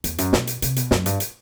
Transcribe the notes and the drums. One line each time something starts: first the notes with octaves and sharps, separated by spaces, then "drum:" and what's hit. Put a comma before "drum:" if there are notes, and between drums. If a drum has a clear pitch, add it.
E2, drum: hi-hat
F#2, drum: hi-hat
B2, drum: snare
drum: hi-hat
C3, drum: hi-hat
B2, drum: hi-hat
F#2, drum: snare
G2, drum: hi-hat
drum: hi-hat